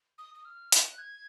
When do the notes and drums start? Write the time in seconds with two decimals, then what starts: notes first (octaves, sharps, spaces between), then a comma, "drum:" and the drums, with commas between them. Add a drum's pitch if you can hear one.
0.18 D#6
0.34 D#6
0.45 F6
0.72 F#6, drum: hi-hat
0.98 G#6